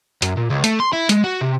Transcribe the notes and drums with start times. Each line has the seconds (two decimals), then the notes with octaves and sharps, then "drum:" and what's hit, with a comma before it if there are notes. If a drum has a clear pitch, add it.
0.22 F#2, drum: hi-hat
0.37 A#2
0.50 C#2
0.64 A3, drum: hi-hat
0.80 C6
0.93 E4
1.09 G#3, drum: hi-hat
1.24 F#4
1.41 C3